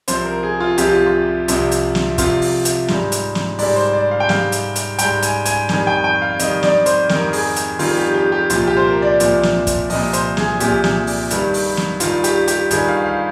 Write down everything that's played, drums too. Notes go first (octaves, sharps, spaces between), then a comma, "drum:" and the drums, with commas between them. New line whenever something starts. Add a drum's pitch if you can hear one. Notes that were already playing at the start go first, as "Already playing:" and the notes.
C2 C3 F3 C5, drum: hi-hat
A#4
G#4
F4
C2 C3 F3 G4, drum: hi-hat
F4
F4
C2 C3 F3, drum: hi-hat
drum: hi-hat
drum: snare
C2 C3 F3 F4, drum: kick, hi-hat
drum: open hi-hat
drum: hi-hat
G#2 G3, drum: snare
drum: hi-hat
drum: snare
G#2 G3 D5, drum: open hi-hat
C5
D5
F5
G5
G#2 G3 F5, drum: snare
drum: hi-hat
drum: hi-hat
G#2 G3 G5, drum: hi-hat
G#5, drum: hi-hat
G#5, drum: hi-hat
F2 D#3 G3 G#5, drum: snare
G5
G5
F5
F2 D#3 G3 D#5, drum: hi-hat
D5, drum: snare
C5, drum: hi-hat
F2 D#3 G3 A#4, drum: snare
G#4, drum: open hi-hat
drum: hi-hat
F2 D#3 G3 F4, drum: open hi-hat
G4
G4
G4
C2 A#2 F3 F4, drum: hi-hat
G4
C5
A#4
D5
C2 A#2 F3, drum: hi-hat
drum: snare
drum: kick, hi-hat
C2 A#2 F3 D#5, drum: open hi-hat
C5, drum: hi-hat
G#4, drum: snare
C2 A#2 F3 G4, drum: hi-hat
drum: snare
drum: open hi-hat
G2 D#3 G3, drum: hi-hat
drum: open hi-hat
drum: snare
G2 D#3 G3 F4, drum: hi-hat
G4, drum: hi-hat
G4, drum: hi-hat
G2 D#3 G3 G#4, drum: hi-hat
F5
F5